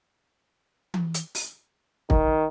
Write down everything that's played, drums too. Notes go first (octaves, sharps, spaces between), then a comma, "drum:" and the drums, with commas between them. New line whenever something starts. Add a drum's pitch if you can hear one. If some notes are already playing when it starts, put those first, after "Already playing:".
drum: tom E3
drum: hi-hat
drum: open hi-hat
D#3, drum: kick